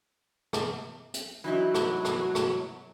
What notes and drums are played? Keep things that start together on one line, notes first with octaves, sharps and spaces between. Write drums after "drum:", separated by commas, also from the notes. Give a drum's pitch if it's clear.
drum: rim click
drum: hi-hat
E3 F#3 D#4 E4 F#4
drum: rim click
drum: rim click
drum: rim click